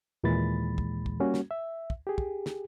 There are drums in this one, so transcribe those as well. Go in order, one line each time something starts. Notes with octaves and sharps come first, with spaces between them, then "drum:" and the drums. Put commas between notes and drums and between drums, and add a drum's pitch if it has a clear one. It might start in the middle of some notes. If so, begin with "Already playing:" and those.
D#2 A#2 E3 G#3 B5 A6
drum: kick
drum: kick
G3 A#3 C#4 F#4
drum: snare
E5
drum: kick
G4 G#4
drum: kick
drum: snare